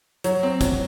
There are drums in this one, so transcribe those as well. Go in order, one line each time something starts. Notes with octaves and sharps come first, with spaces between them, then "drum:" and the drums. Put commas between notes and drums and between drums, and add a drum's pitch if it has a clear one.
F#3, drum: hi-hat
C4
F#3, drum: kick, hi-hat